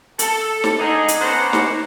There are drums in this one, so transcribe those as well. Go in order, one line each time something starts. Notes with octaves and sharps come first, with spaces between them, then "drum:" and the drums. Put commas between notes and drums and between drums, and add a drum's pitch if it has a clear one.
A4, drum: hi-hat
drum: snare
D3 D#4 G#4
drum: hi-hat
D3 B3 C#4 C5 F#5 A#5
drum: snare